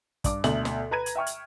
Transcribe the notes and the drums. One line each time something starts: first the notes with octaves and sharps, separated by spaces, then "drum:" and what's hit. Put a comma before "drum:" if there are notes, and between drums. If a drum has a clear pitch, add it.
G2 D6, drum: kick, hi-hat
D2 B2 E5 F#7, drum: snare
drum: snare
B4 A#5 G#6 D#7
drum: hi-hat
E5 G5 C#6 F6
drum: hi-hat